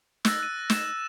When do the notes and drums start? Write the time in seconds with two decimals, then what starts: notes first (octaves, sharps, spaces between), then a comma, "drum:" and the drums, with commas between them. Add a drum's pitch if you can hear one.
0.25 E6 F#6 A6 A#6, drum: snare
0.40 F#6 D#7
0.70 E7, drum: snare